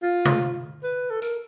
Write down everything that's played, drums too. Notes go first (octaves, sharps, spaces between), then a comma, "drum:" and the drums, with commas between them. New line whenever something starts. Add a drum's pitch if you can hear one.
F4
drum: tom C3
B4
A4
A#4, drum: tambourine